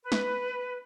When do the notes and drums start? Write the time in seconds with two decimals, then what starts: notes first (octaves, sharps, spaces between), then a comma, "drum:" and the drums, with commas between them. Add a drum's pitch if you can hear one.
0.02 B4
0.12 drum: snare